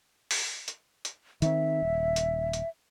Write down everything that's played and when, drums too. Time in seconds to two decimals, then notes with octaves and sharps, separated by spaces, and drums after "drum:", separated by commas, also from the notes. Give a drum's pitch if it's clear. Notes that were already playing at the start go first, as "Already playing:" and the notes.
0.31 drum: open hi-hat
0.68 drum: hi-hat
1.05 drum: hi-hat
1.42 D#3 C4 E5, drum: hi-hat
1.82 D#1
2.16 drum: hi-hat
2.53 drum: hi-hat